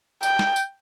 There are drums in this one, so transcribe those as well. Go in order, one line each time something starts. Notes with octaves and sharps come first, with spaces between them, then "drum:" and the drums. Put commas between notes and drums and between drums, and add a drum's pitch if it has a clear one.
G5, drum: tambourine
drum: snare
drum: tambourine